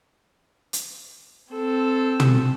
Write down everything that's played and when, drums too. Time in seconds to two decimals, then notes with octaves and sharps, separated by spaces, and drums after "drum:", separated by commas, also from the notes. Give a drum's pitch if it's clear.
0.73 drum: hi-hat
1.53 C4 A4
2.20 drum: tom